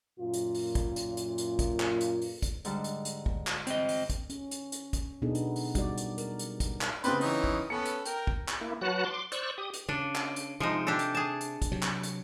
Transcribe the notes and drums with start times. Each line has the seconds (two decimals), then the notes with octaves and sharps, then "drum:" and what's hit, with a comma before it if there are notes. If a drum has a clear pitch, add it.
0.20 F#2 A#2 F4
0.34 drum: hi-hat
0.54 drum: open hi-hat
0.75 drum: kick, hi-hat
0.96 drum: hi-hat
1.17 drum: hi-hat
1.38 drum: hi-hat
1.59 drum: kick, hi-hat
1.80 drum: clap
2.01 drum: hi-hat
2.22 drum: open hi-hat
2.42 drum: kick, hi-hat
2.65 G#2 D3 G3, drum: hi-hat
2.84 drum: hi-hat
3.05 drum: hi-hat
3.26 drum: kick
3.47 drum: clap
3.67 C4 D#5, drum: hi-hat
3.89 drum: open hi-hat
4.10 drum: kick, hi-hat
4.30 C#4, drum: hi-hat
4.51 drum: hi-hat
4.72 drum: hi-hat
4.93 drum: kick, hi-hat
5.22 B2 B3 D4 D#4 G#4 A4
5.35 drum: hi-hat
5.56 drum: open hi-hat
5.75 G3 F#4 D5, drum: kick, hi-hat
5.98 drum: hi-hat
6.18 A#4, drum: hi-hat
6.39 drum: hi-hat
6.60 drum: kick, hi-hat
6.81 drum: clap
7.04 C#3 B3 C4 D4 B4 C5, drum: hi-hat
7.21 E3 D#4 C#5, drum: open hi-hat
7.44 drum: kick
7.70 B3 C#4 A4 C#7
7.86 drum: hi-hat
8.05 A#4 G5, drum: hi-hat
8.27 drum: kick
8.48 drum: clap
8.61 A#3 E4
8.81 F#3 F#4 B4 F#5 A5 F#6
9.05 C6 D6
9.32 C5 D5 C#6 E6 F#6, drum: hi-hat
9.58 G4 D#6
9.74 drum: hi-hat
9.89 C#3 D4
10.15 drum: clap
10.36 drum: hi-hat
10.60 C3 F3 G#3 D#4
10.87 D4 G4 A4
10.99 drum: hi-hat
11.15 G#4 A5
11.41 drum: hi-hat
11.62 drum: kick, hi-hat
11.72 C3 F#3
11.82 drum: clap
12.03 drum: hi-hat